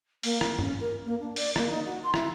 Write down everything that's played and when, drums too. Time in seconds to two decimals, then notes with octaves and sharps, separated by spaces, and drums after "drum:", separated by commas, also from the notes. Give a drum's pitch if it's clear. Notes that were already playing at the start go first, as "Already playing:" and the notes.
0.23 A#3, drum: open hi-hat
0.41 A#4, drum: rim click
0.59 C#4, drum: tom
0.80 A#4
1.05 A#3
1.20 D4
1.36 D5, drum: open hi-hat
1.56 A#3, drum: rim click
1.70 D#4
1.85 F#4
2.03 C6
2.14 E4, drum: rim click